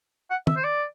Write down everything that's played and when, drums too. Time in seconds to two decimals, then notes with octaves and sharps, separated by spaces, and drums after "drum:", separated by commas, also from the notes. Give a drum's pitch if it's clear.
0.30 F#5
0.47 E5, drum: tom
0.56 C5
0.64 D5